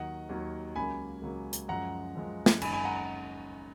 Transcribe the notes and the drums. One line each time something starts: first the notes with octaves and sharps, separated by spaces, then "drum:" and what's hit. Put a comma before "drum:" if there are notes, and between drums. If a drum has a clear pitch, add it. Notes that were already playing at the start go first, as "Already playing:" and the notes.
Already playing: D#2 D#3 F#3 D#5 F#5
D#2 D#3 F#3
C#2 C#3 F#3 A#3 G#5 B5
C#2 C#3 F#3 A#3
drum: hi-hat
F#2 F3 G#3 F#5 A#5
F#2 F3 G#3
drum: snare
F#1 F#2 D#3 G#3 G#5 B5, drum: cymbal
G#5 B5
F#5 A#5